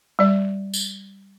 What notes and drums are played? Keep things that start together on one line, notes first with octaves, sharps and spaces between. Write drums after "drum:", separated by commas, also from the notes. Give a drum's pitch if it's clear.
G3 D5
drum: tambourine